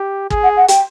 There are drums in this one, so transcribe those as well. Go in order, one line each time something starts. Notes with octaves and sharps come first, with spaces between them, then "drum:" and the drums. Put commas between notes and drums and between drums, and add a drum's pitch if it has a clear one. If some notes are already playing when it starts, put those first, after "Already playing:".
Already playing: G4
G#4, drum: kick
F#5
F#5
G5, drum: hi-hat